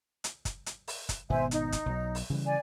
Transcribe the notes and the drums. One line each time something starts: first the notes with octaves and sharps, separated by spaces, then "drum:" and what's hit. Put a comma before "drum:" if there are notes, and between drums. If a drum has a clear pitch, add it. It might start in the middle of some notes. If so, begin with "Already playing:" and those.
drum: hi-hat
drum: kick, hi-hat
drum: hi-hat
drum: open hi-hat
drum: kick, hi-hat
G#1 B2 B3 C5 E5 G#5
D#4, drum: hi-hat
drum: kick, hi-hat
B1 F#3
drum: open hi-hat
C#3 E3 G3
D5 G#5